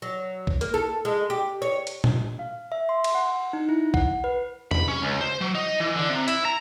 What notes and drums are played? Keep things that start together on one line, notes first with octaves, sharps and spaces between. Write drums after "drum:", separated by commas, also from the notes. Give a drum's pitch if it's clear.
F#3
drum: kick B1
A#3, drum: hi-hat
A4
G#3
G4
C#5
drum: hi-hat
drum: tom A#2
F5
E5
C6
drum: cymbal
F#5
D#4
E4
F#5, drum: kick B1
B4
B5, drum: tom E2
C#4
C#2
C5
F#3
D#4
E3
D3
C3
E4, drum: hi-hat
A#5